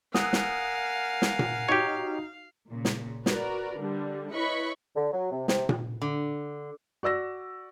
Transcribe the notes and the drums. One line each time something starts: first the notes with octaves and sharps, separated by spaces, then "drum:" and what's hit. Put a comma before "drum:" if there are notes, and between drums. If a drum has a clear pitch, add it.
A#4 F5 F#5 G#5 D#6 E6 F#6, drum: snare
drum: snare
drum: snare
drum: tom A#2
D#4 F#4 G4 C#5
A#2 C#3
drum: snare
F#4 A#4 B4 D5, drum: snare
D3 G3
E4 B4 C#5 D#5 B5 C#6
D3
F#3
C3
C3, drum: snare
drum: tom A#2
D3
F#4 D5 E6 A#6